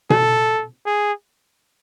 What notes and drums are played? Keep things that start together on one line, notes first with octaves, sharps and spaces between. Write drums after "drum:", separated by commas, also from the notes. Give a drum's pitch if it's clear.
A4, drum: tom B2
G#4